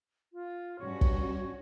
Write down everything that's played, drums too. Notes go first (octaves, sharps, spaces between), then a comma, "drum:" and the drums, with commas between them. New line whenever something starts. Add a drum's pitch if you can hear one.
F4
G2 C#4 F#4 C#5
drum: kick